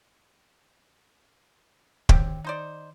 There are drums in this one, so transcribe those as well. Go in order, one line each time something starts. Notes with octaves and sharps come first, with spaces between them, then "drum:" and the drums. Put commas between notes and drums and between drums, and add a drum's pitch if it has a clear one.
D#3 C4 G4, drum: kick
D#4 C5 D5